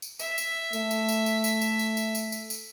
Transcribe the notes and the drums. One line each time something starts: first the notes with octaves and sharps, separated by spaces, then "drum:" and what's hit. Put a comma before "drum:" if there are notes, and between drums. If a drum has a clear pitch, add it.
drum: tambourine
E5, drum: tambourine
drum: tambourine
A3, drum: tambourine
drum: tambourine
drum: tambourine
drum: tambourine
drum: tambourine
drum: tambourine
drum: tambourine
drum: tambourine
drum: tambourine
drum: tambourine
drum: tambourine